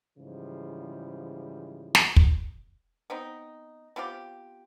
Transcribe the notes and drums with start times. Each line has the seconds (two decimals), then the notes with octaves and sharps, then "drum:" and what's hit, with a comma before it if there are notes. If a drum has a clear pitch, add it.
0.18 G#2 C#3 E3 F3 G3
1.95 drum: snare
2.16 drum: kick
3.10 B3 C4 D#4
3.96 B3 C4 F4 G4